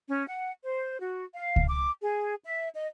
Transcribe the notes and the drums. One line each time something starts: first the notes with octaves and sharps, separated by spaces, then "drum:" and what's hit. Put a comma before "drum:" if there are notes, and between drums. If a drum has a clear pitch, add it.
C#4
F#5
C5
F#4
F5
drum: kick C#2
D6
G#4
E5
D#5